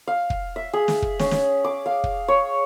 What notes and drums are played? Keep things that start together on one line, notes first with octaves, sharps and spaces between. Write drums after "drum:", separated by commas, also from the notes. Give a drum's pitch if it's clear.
F5
drum: kick
E5
G#4
drum: snare
drum: kick
C#4, drum: snare
drum: snare
D6
F5
drum: kick
C#5